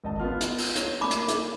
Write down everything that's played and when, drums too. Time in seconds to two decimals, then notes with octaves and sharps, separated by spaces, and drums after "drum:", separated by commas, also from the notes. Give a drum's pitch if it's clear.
0.04 G#1 D#5 A5
0.19 B3 F4 F6
0.40 drum: hi-hat
0.58 drum: open hi-hat
0.75 C#5, drum: hi-hat
1.01 A#3 D4 B5 D6
1.11 drum: hi-hat
1.28 drum: hi-hat